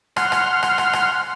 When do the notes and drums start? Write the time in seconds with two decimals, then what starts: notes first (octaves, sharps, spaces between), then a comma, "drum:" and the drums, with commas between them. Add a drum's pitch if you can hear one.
0.16 F#5 C6 F6, drum: rim click
0.32 drum: rim click
0.63 drum: rim click
0.78 drum: rim click
0.93 drum: rim click